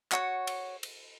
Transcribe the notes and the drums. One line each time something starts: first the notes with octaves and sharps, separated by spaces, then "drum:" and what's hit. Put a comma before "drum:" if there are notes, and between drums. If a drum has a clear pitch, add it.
F#4 C#5 F#5, drum: clap
drum: cymbal
drum: cymbal